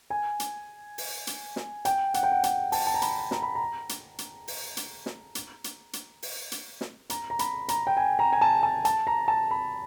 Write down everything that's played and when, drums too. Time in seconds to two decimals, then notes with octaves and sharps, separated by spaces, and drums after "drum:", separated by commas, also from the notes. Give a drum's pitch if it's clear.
0.10 G#5
0.40 drum: hi-hat
0.98 drum: open hi-hat
1.27 drum: hi-hat
1.56 drum: snare
1.85 G5, drum: hi-hat
2.14 F#5, drum: hi-hat
2.23 G5
2.32 F#5
2.44 G5, drum: hi-hat
2.72 A5, drum: open hi-hat
2.87 A5
2.94 A#5
3.02 B5, drum: hi-hat
3.31 A#5, drum: snare
3.42 B5
3.55 A#5
3.89 drum: hi-hat
4.18 drum: hi-hat
4.48 drum: open hi-hat
4.77 drum: hi-hat
5.06 drum: snare
5.35 drum: hi-hat
5.64 drum: hi-hat
5.93 drum: hi-hat
6.22 drum: open hi-hat
6.52 drum: hi-hat
6.81 drum: snare
7.10 A#5, drum: hi-hat
7.30 A#5
7.39 B5, drum: hi-hat
7.69 A#5, drum: hi-hat
7.87 G5
7.97 G#5
8.19 A#5
8.33 G#5
8.41 A5
8.63 A5
8.85 A5, drum: hi-hat
9.07 A#5
9.28 A5
9.51 B5